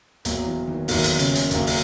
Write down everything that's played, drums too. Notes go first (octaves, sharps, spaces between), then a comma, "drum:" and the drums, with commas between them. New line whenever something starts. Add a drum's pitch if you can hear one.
F#1 E2 B2 F#3 A#3, drum: hi-hat
E3
D#3
F#1 E2 B2 D#3 F#3 A#3, drum: open hi-hat
drum: hi-hat
C#3 C#4, drum: hi-hat
drum: hi-hat
F#1 E2 B2 F#3 A#3, drum: hi-hat
drum: open hi-hat